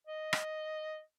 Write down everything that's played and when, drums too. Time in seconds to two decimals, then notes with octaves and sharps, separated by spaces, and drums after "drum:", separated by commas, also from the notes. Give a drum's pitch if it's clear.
0.07 D#5
0.33 drum: rim click